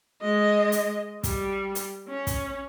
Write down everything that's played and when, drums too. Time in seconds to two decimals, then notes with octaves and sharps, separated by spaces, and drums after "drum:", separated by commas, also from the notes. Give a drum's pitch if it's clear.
0.22 G#3 D#5
0.72 drum: hi-hat
1.24 G3, drum: kick, hi-hat
1.75 drum: hi-hat
2.09 C#4
2.27 drum: kick, hi-hat